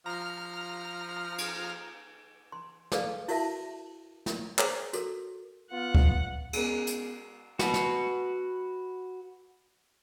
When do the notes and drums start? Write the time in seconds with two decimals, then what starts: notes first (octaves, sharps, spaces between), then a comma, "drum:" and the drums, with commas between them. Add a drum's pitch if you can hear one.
0.06 F3 A#5 F6
1.38 drum: cymbal
2.52 C6
2.92 G#4 A4 B4 D5 F5, drum: snare
3.28 E4 F#4 A#4 E5 A5, drum: open hi-hat
4.26 drum: snare
4.59 G#4 A#4 C5 C#5 A#5 D6, drum: clap
4.93 F#4 A4 A#4, drum: hi-hat
5.72 B3 F4 F#5
5.95 drum: kick C#2
6.53 G#3 B3 C#4 G#4 A#4, drum: cymbal
6.87 drum: hi-hat
7.59 F#4 B4, drum: snare
7.74 drum: snare